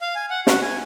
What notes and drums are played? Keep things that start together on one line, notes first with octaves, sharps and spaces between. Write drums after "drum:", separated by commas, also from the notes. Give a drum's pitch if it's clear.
F5
G#5
F#5
F#4, drum: snare
G#5